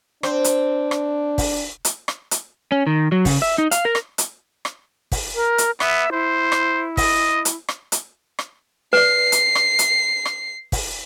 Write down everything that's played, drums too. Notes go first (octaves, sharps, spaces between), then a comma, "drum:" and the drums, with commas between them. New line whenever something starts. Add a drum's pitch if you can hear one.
C4 D4 C5, drum: rim click
drum: hi-hat
drum: rim click
drum: kick, open hi-hat
drum: hi-hat
drum: rim click
drum: hi-hat
C#4
D#3
F#3
C#3, drum: kick, open hi-hat
E5
D#4
F5, drum: hi-hat
A#4
drum: rim click
drum: hi-hat
drum: rim click
drum: kick, open hi-hat
A#4
drum: hi-hat
B3 E5, drum: rim click
E4 C5
drum: rim click
D#5, drum: kick, open hi-hat
drum: hi-hat
drum: rim click
drum: hi-hat
drum: rim click
B4 D5 C7
drum: hi-hat
drum: rim click
drum: hi-hat
drum: rim click
drum: kick, open hi-hat